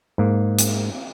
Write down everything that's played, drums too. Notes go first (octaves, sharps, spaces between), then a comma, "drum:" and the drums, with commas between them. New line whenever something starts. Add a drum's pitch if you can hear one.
G#2 A#3
drum: hi-hat